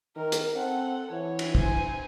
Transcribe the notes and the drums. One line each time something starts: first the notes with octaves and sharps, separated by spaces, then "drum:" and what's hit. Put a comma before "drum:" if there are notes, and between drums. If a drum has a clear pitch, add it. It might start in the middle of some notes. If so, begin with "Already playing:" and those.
D#3 A#4
drum: hi-hat
C4 A4 F#5
E3 C#5
drum: cymbal
C5 G#5, drum: kick